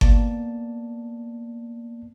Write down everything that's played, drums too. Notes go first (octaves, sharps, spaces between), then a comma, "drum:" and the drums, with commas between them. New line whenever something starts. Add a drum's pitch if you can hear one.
A#3 B3 D5 A5, drum: kick G1